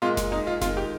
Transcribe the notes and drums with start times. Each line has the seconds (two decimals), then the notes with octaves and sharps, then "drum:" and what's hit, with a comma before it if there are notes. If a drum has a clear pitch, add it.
0.02 A#2 G#3 F4
0.17 drum: snare F#1
0.32 D#4
0.47 F4
0.61 D#3 G#3 F4, drum: snare F#1
0.77 G4